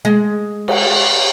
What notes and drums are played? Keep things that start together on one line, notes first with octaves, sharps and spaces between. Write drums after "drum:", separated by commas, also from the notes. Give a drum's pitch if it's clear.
G#3
drum: cymbal